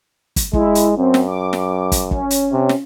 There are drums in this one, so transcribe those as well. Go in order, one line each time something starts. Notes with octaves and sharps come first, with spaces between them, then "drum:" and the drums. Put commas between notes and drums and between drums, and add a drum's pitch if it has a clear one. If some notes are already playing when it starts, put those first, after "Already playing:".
drum: kick, hi-hat
G#3 E4, drum: kick
drum: hi-hat
F#2 C4
drum: snare
D6
drum: snare
drum: kick, hi-hat
C#4, drum: kick
drum: hi-hat
C3
drum: snare